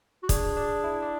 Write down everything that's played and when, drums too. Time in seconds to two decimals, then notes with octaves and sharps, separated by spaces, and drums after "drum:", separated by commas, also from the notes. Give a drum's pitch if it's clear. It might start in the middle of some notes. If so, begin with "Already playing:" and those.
0.23 F#4
0.29 D4 G#4, drum: kick, hi-hat
0.57 D4
0.84 E4
1.02 D4